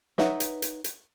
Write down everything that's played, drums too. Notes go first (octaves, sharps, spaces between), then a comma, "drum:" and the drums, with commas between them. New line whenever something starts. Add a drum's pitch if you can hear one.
D#4 B4 C#5 E5 F#5, drum: snare
drum: hi-hat
drum: hi-hat
drum: hi-hat